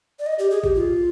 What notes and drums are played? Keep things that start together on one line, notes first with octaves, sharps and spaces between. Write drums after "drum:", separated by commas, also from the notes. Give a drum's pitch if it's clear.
D5
D#5
G4
G#4
G4, drum: kick A1
F4